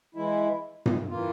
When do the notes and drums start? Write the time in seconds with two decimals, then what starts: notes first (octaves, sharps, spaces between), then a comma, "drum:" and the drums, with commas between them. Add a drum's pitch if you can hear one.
0.15 E3 G#3 E4
0.86 drum: tom G2
1.09 E3 A#3 F4